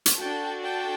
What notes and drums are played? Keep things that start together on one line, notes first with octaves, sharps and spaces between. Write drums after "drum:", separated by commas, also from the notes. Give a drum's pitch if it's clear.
drum: hi-hat
D4 F#4 A4 G5 A5
G5 A5